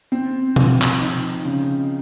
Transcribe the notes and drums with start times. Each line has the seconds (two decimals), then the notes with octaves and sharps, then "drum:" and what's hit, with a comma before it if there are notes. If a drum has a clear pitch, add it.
0.12 C4
0.56 F3, drum: tom B2
0.82 drum: clap
1.00 D#4
1.45 C#3